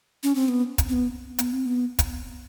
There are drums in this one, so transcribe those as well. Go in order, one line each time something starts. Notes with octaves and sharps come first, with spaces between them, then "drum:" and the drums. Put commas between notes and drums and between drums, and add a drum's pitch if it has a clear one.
C#4
C4
B3
drum: kick, hi-hat
C4
B3
B3, drum: hi-hat
C4
B3
drum: kick, hi-hat